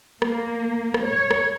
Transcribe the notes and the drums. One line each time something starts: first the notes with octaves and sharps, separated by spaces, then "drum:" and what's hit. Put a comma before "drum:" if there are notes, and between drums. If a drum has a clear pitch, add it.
A#3, drum: rim click
drum: rim click
C#5
drum: rim click